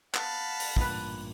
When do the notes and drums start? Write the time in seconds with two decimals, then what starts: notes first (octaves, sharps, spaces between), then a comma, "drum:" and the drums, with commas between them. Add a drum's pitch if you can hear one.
0.15 B3 F5 F#5 A5 B5, drum: clap
0.60 drum: open hi-hat
0.76 A1 G2 A#2 B3 B4, drum: kick